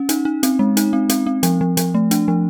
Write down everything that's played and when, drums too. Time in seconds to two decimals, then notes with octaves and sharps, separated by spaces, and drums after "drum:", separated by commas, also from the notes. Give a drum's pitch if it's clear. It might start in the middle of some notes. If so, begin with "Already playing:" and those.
Already playing: C#4
0.09 D#4, drum: hi-hat
0.25 D#4
0.43 C4, drum: hi-hat
0.59 G#3
0.77 D#4, drum: hi-hat
0.93 C4
1.09 C4, drum: hi-hat
1.27 C4
1.43 F3, drum: hi-hat
1.61 F3
1.77 F3, drum: hi-hat
1.94 A3
2.11 D4, drum: hi-hat
2.28 F3